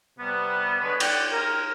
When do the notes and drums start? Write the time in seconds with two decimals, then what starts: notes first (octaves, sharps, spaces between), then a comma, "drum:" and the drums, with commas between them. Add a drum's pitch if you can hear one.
0.19 C3 G3 B3
0.80 D3 G#3 B3 B4 C#5
1.00 D5 F#5 G5, drum: cymbal
1.32 A#4